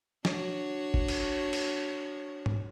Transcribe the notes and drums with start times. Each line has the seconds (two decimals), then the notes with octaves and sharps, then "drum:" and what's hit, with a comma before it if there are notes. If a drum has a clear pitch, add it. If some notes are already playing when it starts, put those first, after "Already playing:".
0.25 D4 F#4 C#5, drum: snare
0.94 drum: kick F#1
1.08 drum: cymbal
1.53 drum: cymbal
2.46 drum: tom G#2